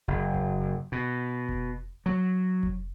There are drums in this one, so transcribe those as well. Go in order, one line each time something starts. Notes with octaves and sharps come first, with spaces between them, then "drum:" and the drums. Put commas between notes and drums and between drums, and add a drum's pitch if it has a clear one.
F#1
drum: kick F1
B2
drum: kick F1
F#3
drum: kick F1